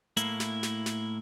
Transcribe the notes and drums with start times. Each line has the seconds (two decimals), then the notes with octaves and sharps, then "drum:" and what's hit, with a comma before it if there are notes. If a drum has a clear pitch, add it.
0.17 A2 A#3 E4, drum: hi-hat
0.40 drum: snare
0.63 drum: snare
0.86 drum: snare